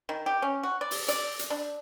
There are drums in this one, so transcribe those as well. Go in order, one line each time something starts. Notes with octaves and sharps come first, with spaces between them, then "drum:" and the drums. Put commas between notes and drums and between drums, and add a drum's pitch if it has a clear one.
D#3
G4
C#4
F#4
D5
drum: open hi-hat
D5, drum: hi-hat
drum: hi-hat
D4